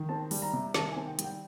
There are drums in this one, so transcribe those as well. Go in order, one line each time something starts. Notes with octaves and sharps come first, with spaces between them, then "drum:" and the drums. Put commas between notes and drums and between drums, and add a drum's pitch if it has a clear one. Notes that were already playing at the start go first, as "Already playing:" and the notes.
Already playing: D#3
C4 A5
G3, drum: open hi-hat
A#5
C3
D#3 A5, drum: snare
G#5
C4
G5
G3, drum: hi-hat
G5